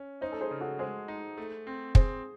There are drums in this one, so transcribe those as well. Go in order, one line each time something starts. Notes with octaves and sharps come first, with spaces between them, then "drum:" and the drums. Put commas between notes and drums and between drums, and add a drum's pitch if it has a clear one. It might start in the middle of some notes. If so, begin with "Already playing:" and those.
Already playing: C#4
D#4 C5 D#5
A4
G#4 C5
C#3
F#4 A4
G#3 G#4 C5
D#4
A3
C4
C4 G#4 C5, drum: kick